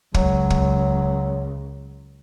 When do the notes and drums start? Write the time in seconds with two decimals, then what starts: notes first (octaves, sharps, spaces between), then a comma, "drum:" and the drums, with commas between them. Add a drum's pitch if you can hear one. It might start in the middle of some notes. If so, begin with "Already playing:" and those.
0.14 C#2 F#3, drum: kick
0.50 drum: kick